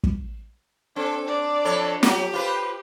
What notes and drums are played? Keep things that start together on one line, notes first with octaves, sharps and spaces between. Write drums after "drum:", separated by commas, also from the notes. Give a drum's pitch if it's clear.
drum: kick
C4 D4 A4
D4 D5
F2 A4 C#5
F#3 G4, drum: snare
F4 B4 C5